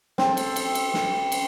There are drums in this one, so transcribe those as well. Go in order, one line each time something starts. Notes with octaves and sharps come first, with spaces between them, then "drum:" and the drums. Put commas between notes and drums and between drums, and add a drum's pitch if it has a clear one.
C4 A4, drum: snare
drum: cymbal
drum: cymbal
drum: cymbal
drum: snare
drum: cymbal